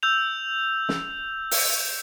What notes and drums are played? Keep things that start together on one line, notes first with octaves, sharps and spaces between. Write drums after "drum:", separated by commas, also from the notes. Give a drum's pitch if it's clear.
E6 G6 F7
drum: snare
drum: open hi-hat